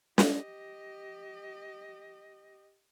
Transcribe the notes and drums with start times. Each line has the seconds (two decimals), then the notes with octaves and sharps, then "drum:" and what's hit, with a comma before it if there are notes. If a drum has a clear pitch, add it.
0.18 G4 D#5, drum: snare